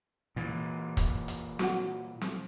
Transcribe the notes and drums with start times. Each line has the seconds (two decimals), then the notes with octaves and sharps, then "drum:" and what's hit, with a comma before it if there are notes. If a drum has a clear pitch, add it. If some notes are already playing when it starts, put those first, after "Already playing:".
0.36 A#2 E3
0.97 drum: kick, hi-hat
1.28 drum: hi-hat
1.59 F#4 F#5, drum: snare C4
2.21 drum: snare C4